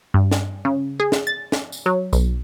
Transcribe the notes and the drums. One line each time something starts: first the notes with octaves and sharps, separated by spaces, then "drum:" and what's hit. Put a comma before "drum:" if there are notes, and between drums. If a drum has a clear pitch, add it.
G2
drum: snare
C#3
G#4
drum: snare
A6
drum: snare
drum: tambourine
F#3
B1, drum: tambourine